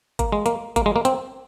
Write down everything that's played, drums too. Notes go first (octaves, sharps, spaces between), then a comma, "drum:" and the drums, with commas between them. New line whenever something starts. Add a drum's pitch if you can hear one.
A#3, drum: kick G#1, hi-hat
G#3
A#3, drum: hi-hat
A#3, drum: kick G#1, hi-hat
G#3
A#3
C4, drum: hi-hat